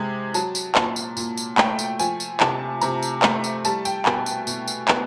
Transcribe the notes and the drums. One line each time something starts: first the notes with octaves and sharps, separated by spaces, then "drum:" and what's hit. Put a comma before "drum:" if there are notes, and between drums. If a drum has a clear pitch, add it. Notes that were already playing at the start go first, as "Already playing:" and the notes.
Already playing: C3 G#3
F#3 A5, drum: tambourine
drum: tambourine
A#2 A5, drum: clap
drum: tambourine
A#2, drum: tambourine
drum: tambourine
A3 G5, drum: clap
drum: tambourine
F3 G#5, drum: tambourine
drum: tambourine
C3 A5, drum: clap
C3 A#5, drum: tambourine
drum: tambourine
A3 A#5, drum: clap
drum: tambourine
G3 A5, drum: tambourine
G5, drum: tambourine
B2 G#5, drum: clap
drum: tambourine
B2, drum: tambourine
drum: tambourine
B3, drum: clap